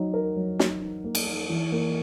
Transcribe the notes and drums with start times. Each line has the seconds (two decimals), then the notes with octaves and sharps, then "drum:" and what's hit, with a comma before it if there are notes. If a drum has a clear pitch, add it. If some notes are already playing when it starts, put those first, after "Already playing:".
Already playing: F#3 D#4
0.14 A#4
0.36 F#3
0.59 D#4, drum: snare
0.81 D#4
1.04 A#3
1.15 drum: cymbal
1.27 A#3
1.49 E3
1.72 A#3